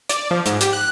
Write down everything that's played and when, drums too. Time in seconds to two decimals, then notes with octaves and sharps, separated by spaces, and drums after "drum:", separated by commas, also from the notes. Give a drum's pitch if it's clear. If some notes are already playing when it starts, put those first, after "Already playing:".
0.09 D5, drum: hi-hat
0.31 F3
0.46 G#2, drum: hi-hat
0.61 G4, drum: hi-hat
0.73 F#6